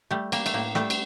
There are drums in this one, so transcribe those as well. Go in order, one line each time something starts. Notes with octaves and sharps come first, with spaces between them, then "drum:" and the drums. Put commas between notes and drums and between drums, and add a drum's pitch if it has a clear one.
G3 A3
G3 A#3, drum: cymbal
A3, drum: cymbal
A2 A#3
G3 A3, drum: rim click
drum: cymbal